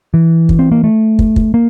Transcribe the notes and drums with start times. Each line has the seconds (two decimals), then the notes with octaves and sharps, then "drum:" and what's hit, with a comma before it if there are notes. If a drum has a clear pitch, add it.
0.14 E3
0.49 drum: kick
0.59 C4
0.72 A#3
0.84 A3
1.19 drum: kick
1.36 drum: kick
1.54 A#3